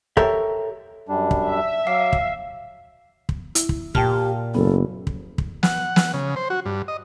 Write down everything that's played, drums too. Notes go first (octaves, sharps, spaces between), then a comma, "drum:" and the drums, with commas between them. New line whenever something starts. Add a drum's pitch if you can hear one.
G4 A4 A#4 C#5 E5, drum: kick
F#2 G3 D4
drum: kick
E5
F#3 F5 D6 C7
drum: kick
drum: kick
E4, drum: hi-hat
drum: kick
A#2 G4 G5 A5 F6, drum: kick
F#1 B3 A4
drum: kick
drum: kick
F#5, drum: snare
drum: snare
C#3
C5
F#4
G2
D#5